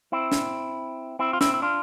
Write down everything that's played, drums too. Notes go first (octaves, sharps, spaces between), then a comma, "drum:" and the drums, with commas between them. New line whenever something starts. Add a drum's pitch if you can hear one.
C4 E4
drum: snare
C4 E4
F4
C4 E4, drum: snare
E4
D4 F4